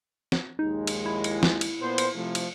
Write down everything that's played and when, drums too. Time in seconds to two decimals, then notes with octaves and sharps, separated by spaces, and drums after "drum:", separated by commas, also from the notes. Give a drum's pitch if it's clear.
0.32 drum: snare
0.59 A#1 D#2 G#3 D#4
0.87 drum: cymbal
1.06 E4
1.24 drum: cymbal
1.43 drum: snare
1.61 drum: cymbal
1.80 A#2 B3 C5
1.98 drum: cymbal
2.15 C3 F3 A3
2.35 drum: cymbal